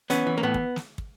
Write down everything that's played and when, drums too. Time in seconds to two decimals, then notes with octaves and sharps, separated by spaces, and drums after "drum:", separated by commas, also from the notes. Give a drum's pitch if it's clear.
0.10 E3 B3 C#4, drum: hi-hat
0.27 E3
0.38 A#3
0.43 A2 B3
0.54 drum: kick
0.76 drum: snare
0.98 drum: kick